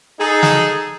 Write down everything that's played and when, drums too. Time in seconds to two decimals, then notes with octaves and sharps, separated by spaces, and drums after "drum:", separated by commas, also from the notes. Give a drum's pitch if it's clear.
0.19 D#4 G#4 A4
0.43 drum: snare